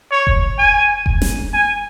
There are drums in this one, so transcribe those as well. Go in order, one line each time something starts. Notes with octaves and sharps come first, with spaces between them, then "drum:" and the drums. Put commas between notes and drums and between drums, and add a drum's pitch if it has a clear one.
C#5
drum: kick F1
G#5
drum: kick F1
drum: snare
G#5